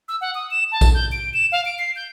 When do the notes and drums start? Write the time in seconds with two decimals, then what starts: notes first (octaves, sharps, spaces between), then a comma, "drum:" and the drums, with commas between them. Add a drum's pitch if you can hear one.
0.08 E6
0.21 F#5
0.35 D#6
0.51 E7
0.72 A5
0.81 drum: kick A#1, tambourine
0.94 G6
1.12 D7
1.34 E7
1.52 F5
1.65 D7
1.79 C7
1.96 G6